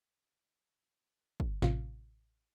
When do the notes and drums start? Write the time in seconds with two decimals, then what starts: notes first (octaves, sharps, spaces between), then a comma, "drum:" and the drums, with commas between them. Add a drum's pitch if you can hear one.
1.40 drum: kick
1.62 A1 C3 F4, drum: snare